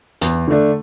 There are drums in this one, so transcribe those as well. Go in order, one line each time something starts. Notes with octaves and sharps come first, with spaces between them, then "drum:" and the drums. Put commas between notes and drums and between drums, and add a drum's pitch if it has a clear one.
E2, drum: hi-hat
D3 A3 D4